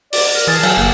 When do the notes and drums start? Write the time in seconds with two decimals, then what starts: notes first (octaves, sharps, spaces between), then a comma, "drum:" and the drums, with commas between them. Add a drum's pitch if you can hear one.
0.13 D5, drum: open hi-hat
0.34 A#4
0.47 E3 G#4 A5
0.63 F#3, drum: cymbal
0.77 F#1 A#3